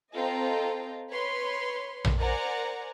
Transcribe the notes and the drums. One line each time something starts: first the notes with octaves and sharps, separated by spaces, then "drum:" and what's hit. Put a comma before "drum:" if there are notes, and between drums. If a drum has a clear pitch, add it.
C4 F4 A4 D#5 G5 A#5
B4 C#5 B5 C6
drum: tom A#1
A#4 C5 D5 F#5 G#5 A#5